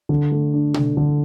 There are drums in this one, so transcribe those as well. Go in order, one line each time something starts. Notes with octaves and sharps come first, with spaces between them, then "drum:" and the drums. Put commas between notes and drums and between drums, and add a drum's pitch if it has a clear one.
D3
A3
D4
D3, drum: tom B2
D3